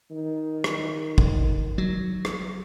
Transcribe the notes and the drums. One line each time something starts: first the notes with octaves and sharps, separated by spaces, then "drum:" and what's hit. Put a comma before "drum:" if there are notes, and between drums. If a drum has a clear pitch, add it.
D#3
drum: rim click
drum: kick
F#3
drum: rim click